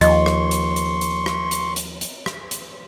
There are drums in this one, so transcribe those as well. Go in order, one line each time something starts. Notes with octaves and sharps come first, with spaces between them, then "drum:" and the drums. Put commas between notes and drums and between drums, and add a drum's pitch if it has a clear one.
D#2 F3 D#5 C6 C#6, drum: hi-hat
drum: rim click
drum: hi-hat
drum: hi-hat
drum: hi-hat
drum: rim click
drum: hi-hat
drum: hi-hat
drum: hi-hat
drum: rim click
drum: hi-hat